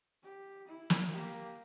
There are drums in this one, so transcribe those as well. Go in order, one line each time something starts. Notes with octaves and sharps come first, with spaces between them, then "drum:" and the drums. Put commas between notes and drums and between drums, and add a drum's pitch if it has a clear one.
G4
E4
drum: snare
A#3 G4